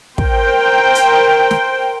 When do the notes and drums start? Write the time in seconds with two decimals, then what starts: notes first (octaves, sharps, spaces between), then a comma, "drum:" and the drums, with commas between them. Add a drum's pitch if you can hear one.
0.18 A#4 C5 G5, drum: kick
0.95 drum: hi-hat
1.51 drum: snare